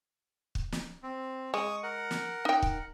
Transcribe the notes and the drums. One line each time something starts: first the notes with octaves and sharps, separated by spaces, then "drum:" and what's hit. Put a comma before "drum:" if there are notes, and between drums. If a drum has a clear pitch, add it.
drum: kick
drum: snare
C4
G#3 C#6 D#6
A#4 F#5
drum: snare
D#4 G5
drum: kick